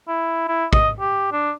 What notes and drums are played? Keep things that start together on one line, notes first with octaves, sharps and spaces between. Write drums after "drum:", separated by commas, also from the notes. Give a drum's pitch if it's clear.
E4
E4
D#5, drum: kick
G4
D4